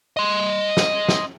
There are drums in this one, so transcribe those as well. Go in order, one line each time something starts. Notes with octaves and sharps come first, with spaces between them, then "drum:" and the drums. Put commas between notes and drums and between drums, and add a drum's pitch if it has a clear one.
D#5 C6
drum: snare
drum: snare